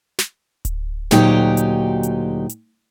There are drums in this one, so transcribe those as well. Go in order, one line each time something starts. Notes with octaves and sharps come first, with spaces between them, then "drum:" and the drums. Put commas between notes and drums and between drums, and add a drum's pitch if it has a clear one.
drum: snare
drum: kick D1, hi-hat
D2 A#2 F#3 D#4 G4 G5, drum: snare
drum: hi-hat
drum: hi-hat
drum: hi-hat